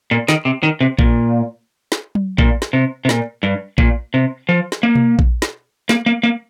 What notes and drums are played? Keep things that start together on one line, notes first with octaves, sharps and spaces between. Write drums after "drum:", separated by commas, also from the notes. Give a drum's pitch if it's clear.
A#2
D#3, drum: snare
C3
D#3
C3
A#2, drum: kick A#1
drum: snare
drum: tom F#3
A#2, drum: kick A#1
drum: snare
C3
C3
A#2, drum: snare
G2
A#2, drum: kick A#1
C3
F3
drum: snare
A#3
drum: tom B2
drum: kick A#1
drum: snare
A#3, drum: snare
A#3
A#3